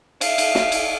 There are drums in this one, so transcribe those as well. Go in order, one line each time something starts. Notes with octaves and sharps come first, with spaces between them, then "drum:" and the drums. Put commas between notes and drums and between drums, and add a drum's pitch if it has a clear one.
E5 F5, drum: cymbal
drum: cymbal
drum: snare
drum: cymbal